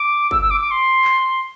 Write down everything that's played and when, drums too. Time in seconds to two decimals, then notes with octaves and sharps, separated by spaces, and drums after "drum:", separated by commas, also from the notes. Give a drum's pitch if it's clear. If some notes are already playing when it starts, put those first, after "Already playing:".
Already playing: D6
0.31 E6, drum: kick G1
0.41 E6
0.50 D6
0.60 D6
0.71 C6
1.05 drum: clap